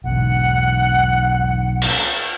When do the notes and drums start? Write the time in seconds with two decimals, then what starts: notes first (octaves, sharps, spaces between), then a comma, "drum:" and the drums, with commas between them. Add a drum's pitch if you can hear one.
0.04 B1 G#2 F#5
1.82 drum: cymbal